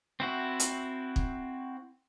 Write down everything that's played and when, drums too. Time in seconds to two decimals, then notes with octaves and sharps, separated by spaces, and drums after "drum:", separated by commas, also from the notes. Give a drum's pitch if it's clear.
0.20 C4 E4 F#4
0.60 drum: hi-hat
1.16 drum: kick